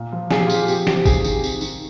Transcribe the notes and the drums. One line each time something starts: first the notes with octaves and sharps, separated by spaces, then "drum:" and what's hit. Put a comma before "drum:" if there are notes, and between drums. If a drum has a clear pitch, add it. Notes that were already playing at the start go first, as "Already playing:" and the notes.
Already playing: A#2
F3
A#2 G#4, drum: snare
G4
F4
F3 G4, drum: tambourine
C3 G4, drum: tambourine
D#3 G4, drum: snare
C3 G#4, drum: kick, tambourine
D#3, drum: tambourine
C3, drum: tambourine
D#3, drum: tambourine